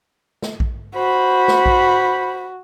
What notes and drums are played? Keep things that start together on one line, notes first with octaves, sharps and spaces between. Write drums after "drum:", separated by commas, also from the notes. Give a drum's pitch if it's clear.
drum: snare
drum: kick A#1
F#4 C5 B5
drum: snare
drum: kick A#1